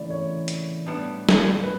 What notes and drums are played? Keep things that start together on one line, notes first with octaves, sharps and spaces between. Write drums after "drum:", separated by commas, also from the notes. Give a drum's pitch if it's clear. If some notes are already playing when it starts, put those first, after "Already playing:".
Already playing: C#3 E3 A3 D5
C#5
drum: hi-hat
A2 G3 B3 D4
drum: snare
B4